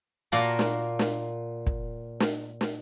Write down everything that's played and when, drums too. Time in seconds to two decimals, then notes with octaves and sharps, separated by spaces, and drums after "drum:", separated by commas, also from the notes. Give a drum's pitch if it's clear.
0.32 A#2 A#3 F#4 A5 A#5
0.59 drum: snare
0.99 drum: snare
1.67 drum: kick
2.20 drum: snare
2.61 drum: snare